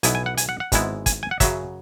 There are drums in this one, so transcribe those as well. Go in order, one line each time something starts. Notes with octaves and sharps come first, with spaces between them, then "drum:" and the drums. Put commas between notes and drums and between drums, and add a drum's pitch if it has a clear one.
B1 B2 B3 E4 G#5, drum: hi-hat
G#5
F#5
G#5, drum: hi-hat
F#5
F#5
G#1 G#2 G#3 B3 E4, drum: kick, hi-hat
G#5, drum: kick, hi-hat
G#5
F#5
F#2 C#3 F#3 E5, drum: kick, hi-hat